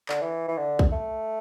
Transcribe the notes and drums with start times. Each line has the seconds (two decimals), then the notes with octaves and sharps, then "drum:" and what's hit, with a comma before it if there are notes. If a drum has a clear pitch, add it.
0.09 D3, drum: clap
0.21 E3
0.48 E3
0.57 D3
0.79 drum: kick
0.92 A3